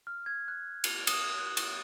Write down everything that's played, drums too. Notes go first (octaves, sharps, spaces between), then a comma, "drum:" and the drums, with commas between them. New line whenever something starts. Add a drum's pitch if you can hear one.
F6
G#6
F#6
F7, drum: cymbal
D#6, drum: cymbal
F#6
C#6, drum: cymbal